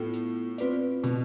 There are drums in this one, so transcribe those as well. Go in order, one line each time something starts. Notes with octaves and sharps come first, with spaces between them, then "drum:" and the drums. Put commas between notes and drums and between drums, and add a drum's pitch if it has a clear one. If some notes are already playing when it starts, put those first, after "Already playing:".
Already playing: A2 B3 F4 A4
drum: hi-hat
C4 F4 B4 D5, drum: hi-hat
B2, drum: hi-hat